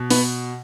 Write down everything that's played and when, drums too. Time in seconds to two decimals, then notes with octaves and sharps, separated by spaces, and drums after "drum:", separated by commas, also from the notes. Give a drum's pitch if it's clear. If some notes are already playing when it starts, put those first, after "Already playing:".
Already playing: B2
0.10 B3, drum: open hi-hat